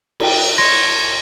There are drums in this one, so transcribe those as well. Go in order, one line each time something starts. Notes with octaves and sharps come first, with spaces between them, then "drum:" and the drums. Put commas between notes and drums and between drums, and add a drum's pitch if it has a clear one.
F#4 G5, drum: cymbal
C#5 C6 A#6